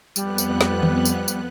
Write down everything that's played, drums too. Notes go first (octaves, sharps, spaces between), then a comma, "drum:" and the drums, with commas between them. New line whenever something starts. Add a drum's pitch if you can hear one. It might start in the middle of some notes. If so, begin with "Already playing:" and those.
F2 G3 B3 F#6, drum: tambourine
drum: tambourine
drum: snare
drum: tom
drum: tambourine
drum: tambourine